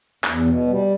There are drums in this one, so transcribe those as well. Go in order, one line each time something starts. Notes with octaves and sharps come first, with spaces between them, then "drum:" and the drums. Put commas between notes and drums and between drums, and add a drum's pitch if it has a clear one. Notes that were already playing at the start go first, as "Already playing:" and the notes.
E2, drum: clap
B2
G3